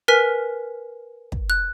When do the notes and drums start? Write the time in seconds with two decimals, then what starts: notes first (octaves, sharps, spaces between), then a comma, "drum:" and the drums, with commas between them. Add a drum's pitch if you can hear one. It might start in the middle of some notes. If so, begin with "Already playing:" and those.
0.08 A#4 B4 G#5 F6 B6
1.32 drum: kick
1.50 F#6